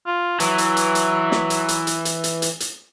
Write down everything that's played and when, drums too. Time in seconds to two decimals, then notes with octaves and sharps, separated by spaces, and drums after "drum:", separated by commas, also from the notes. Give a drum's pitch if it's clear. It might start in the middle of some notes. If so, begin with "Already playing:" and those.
0.07 F4
0.40 E3 F#3, drum: hi-hat
0.58 drum: hi-hat
0.77 drum: hi-hat
0.95 drum: hi-hat
1.32 drum: snare
1.50 drum: hi-hat
1.68 drum: hi-hat
1.87 drum: hi-hat
2.05 drum: hi-hat
2.24 drum: hi-hat
2.42 drum: hi-hat
2.60 drum: hi-hat